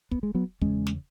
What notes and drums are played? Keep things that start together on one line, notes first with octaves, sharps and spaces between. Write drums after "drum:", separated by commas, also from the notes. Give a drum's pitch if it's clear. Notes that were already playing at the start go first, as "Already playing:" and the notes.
B3, drum: kick
G#3
F#3 B3
E2 C#3 G#3 C#4, drum: kick
drum: snare